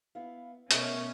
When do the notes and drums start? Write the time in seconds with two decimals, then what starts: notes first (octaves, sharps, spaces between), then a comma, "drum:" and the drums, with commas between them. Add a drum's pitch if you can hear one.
0.15 B3 E4 F5
0.71 B2 A3 B3 C#4 A#4 D#5, drum: hi-hat